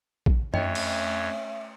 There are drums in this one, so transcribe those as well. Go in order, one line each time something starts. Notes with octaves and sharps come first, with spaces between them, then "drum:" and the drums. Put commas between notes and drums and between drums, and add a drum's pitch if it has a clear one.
drum: kick
F2 A3 C#4 C#5 D#5 E5 G5, drum: tom F#2
drum: cymbal